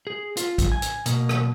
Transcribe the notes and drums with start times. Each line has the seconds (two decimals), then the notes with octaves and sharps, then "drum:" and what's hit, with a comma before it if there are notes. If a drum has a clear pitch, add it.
0.07 G#4
0.37 F4, drum: hi-hat
0.58 drum: kick, hi-hat
0.72 G#5
0.82 drum: hi-hat
1.06 B2 A#3, drum: hi-hat
1.29 drum: rim click